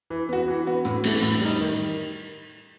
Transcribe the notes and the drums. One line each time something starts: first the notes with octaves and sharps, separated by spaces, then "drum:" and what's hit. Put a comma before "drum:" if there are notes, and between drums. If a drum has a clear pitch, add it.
E3
B3 F#4
E3
B3 F#4
A2, drum: tambourine
E3 A3 E4 A4, drum: cymbal
A2
G3 D#4
D#3